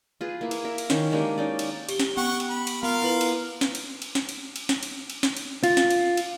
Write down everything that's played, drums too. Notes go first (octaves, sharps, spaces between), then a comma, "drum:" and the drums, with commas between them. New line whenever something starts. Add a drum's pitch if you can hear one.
F4 G#4 B4
A#3 E4
drum: cymbal
A#4 E5
drum: cymbal
D#3 C#4 E4 C5, drum: snare
G#3 A#3 D4 G4
C#4 D#4 D5
drum: cymbal
G4 G7, drum: cymbal
drum: snare
B3 F#5 G5 C#6
drum: cymbal
B5
drum: cymbal
B3 F4 A#4 F5
E4 B4 F#7
drum: cymbal
drum: snare
drum: cymbal
drum: cymbal
drum: snare
drum: cymbal
drum: cymbal
drum: snare
drum: cymbal
drum: cymbal
drum: snare
drum: cymbal
F4, drum: cymbal
drum: snare
drum: cymbal
drum: cymbal